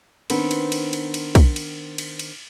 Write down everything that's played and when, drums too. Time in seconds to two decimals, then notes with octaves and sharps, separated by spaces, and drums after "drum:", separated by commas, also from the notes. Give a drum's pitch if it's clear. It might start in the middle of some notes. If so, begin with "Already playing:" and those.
0.30 D#3 B3 C4 D4, drum: cymbal
0.51 drum: cymbal
0.72 drum: cymbal
0.93 drum: cymbal
1.14 drum: cymbal
1.35 drum: kick, cymbal
1.56 drum: cymbal
1.98 drum: cymbal
2.19 drum: cymbal